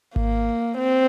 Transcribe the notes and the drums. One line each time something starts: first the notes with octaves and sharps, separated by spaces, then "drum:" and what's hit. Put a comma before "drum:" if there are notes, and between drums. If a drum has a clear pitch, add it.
A#3, drum: kick G#1
C4